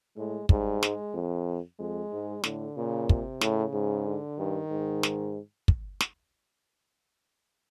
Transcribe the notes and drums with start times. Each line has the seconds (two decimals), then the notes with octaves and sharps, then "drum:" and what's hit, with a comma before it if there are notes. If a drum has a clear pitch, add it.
0.17 A2 G#3
0.49 G#2 G3, drum: kick
0.83 G#3, drum: snare
1.14 F2
1.80 F2 G#3
2.12 G#2
2.44 A2 D3, drum: snare
2.76 A#2 C#3
3.09 C3, drum: kick
3.41 A2 C#3, drum: snare
3.73 G#2
4.07 D3
4.38 G2 D#3
4.71 G#2
5.03 drum: snare
5.68 drum: kick
6.00 drum: snare